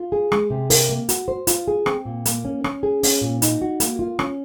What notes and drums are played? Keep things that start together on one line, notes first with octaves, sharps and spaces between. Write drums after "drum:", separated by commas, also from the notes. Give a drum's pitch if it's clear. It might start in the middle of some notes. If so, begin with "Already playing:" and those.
Already playing: F4
G#4
G#3, drum: rim click
C3
A#4, drum: open hi-hat
A#3
F#4, drum: hi-hat
C5
F4, drum: hi-hat
G#4
C4, drum: rim click
A#2
A#3, drum: hi-hat
C#4
C#4, drum: rim click
G#4
C#4, drum: open hi-hat
A#2
D#4, drum: hi-hat
F#4
A#3, drum: hi-hat
F4
C#4, drum: rim click